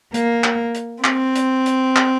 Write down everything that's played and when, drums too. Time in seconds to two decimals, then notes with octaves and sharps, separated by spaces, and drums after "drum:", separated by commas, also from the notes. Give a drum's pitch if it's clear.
0.14 A#3, drum: hi-hat
0.44 drum: clap
0.74 drum: hi-hat
1.04 C4, drum: clap
1.35 drum: hi-hat
1.66 drum: hi-hat
1.96 drum: clap